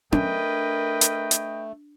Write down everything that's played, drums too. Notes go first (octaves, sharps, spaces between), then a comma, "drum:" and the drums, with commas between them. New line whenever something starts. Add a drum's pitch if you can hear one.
A3 D4 A#4 B4 D#5 G5, drum: tom C#4
drum: hi-hat
drum: hi-hat